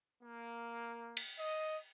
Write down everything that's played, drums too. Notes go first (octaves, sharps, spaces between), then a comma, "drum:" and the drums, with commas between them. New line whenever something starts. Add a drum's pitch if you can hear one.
A#3
drum: cymbal
D#5